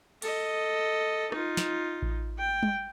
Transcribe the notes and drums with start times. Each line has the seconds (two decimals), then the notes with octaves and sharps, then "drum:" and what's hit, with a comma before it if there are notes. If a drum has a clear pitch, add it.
0.22 A4 D#5, drum: cymbal
1.32 D#4 F4, drum: rim click
1.57 drum: snare
2.02 drum: kick A1
2.38 G5
2.63 drum: tom G3